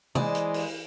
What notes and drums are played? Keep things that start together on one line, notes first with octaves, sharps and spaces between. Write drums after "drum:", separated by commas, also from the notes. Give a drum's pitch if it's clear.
E3 G#3 C5 D5 D#5, drum: tom
drum: hi-hat
drum: open hi-hat